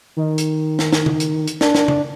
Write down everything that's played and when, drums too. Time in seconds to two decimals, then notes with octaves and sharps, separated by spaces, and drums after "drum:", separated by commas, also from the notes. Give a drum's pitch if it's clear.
0.17 D#3
0.38 drum: hi-hat
0.79 drum: snare
0.92 drum: snare
1.06 drum: tom
1.20 drum: hi-hat
1.47 drum: hi-hat
1.61 D4, drum: snare
1.75 drum: snare
1.88 drum: tom